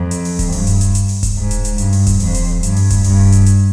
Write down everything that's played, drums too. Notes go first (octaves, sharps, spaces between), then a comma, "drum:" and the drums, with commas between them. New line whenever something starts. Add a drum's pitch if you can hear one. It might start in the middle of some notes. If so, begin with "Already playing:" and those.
Already playing: F2
drum: hi-hat
drum: open hi-hat
drum: kick D#1, hi-hat
G2, drum: open hi-hat
drum: hi-hat
drum: hi-hat
drum: hi-hat
drum: open hi-hat
drum: kick D#1, hi-hat
G#2
drum: hi-hat
drum: hi-hat
G2, drum: hi-hat
drum: open hi-hat
drum: kick D#1, hi-hat
F2, drum: open hi-hat
drum: hi-hat
G2, drum: hi-hat
drum: open hi-hat
drum: kick D#1, hi-hat
G2, drum: open hi-hat
drum: hi-hat
drum: hi-hat